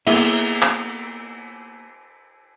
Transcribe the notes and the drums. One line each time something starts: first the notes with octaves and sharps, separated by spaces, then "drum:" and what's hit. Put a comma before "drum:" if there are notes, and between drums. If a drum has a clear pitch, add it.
A#3 B3 E4 G#4 E5, drum: cymbal
drum: clap